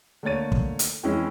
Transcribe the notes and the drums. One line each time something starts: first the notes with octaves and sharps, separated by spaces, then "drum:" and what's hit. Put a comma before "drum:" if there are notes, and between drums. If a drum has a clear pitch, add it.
D3 A3 A#3 C#5 A6 D#7
drum: kick
drum: hi-hat
F2 E3 G#3 C#4 E4